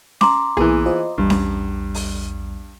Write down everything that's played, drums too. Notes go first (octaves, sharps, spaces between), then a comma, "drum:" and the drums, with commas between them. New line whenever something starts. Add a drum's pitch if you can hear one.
A#5 C6 D6, drum: snare C#4
E3 A#3 B3 E4 G#4, drum: tom B1
F4 C5 D#5
A#1 E2 G2 G3
drum: snare C#4
drum: open hi-hat